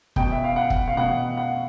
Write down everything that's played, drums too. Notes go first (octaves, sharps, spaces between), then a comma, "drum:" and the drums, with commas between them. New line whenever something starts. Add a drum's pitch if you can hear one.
B2 G5, drum: kick
E5
F5
F#5
drum: kick
F5
B2 F#5
F#5